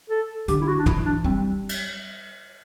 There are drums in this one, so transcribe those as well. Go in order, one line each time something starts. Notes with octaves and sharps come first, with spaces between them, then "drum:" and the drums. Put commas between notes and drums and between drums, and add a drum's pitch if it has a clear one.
A4
D3 G4, drum: hi-hat
E4
F#4
D4
E3 E4, drum: tom
D4
G3 C4
drum: cymbal